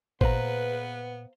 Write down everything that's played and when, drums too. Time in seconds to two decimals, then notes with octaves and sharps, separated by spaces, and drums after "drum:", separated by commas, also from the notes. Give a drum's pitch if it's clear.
0.21 A#2 B3 B4 C5 F5 A#5, drum: kick G#1